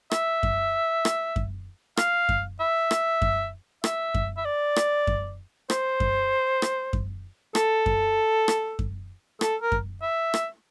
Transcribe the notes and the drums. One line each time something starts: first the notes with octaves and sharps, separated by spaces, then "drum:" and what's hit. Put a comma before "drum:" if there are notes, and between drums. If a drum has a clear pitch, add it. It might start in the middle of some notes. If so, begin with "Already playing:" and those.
E5, drum: rim click
drum: kick F#2
drum: rim click
drum: kick F#2
F5, drum: rim click
drum: kick F#2
E5
drum: rim click
drum: kick F#2
E5, drum: rim click
drum: kick F#2
E5
D5
drum: rim click
drum: kick F#2
C5, drum: rim click
drum: kick F#2
drum: rim click
drum: kick F#2
A4, drum: rim click
drum: kick F#2
drum: rim click
drum: kick F#2
A4, drum: rim click
A#4
drum: kick F#2
E5
drum: rim click